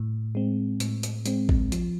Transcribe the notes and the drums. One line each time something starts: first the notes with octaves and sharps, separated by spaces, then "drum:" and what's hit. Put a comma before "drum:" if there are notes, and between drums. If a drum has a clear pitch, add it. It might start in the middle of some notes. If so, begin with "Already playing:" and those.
Already playing: A2
G#3 C4
A2, drum: hi-hat
drum: hi-hat
G#3 C4, drum: hi-hat
drum: kick A1
F3, drum: hi-hat